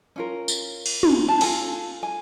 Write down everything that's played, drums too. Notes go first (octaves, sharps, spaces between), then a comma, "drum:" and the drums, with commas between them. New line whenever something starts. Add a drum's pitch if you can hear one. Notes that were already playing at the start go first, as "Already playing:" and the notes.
C#4 F4 A#4
drum: tambourine
drum: cymbal
drum: tom
A5
F4 A4 G#5, drum: open hi-hat
G#5